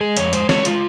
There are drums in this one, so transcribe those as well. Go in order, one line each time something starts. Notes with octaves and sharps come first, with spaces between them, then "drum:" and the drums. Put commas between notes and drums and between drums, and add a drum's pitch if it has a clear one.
G#3 G#4
F2 C#5, drum: hi-hat
G#3 C5, drum: hi-hat
G#3 C#5, drum: snare
G#3 F4, drum: hi-hat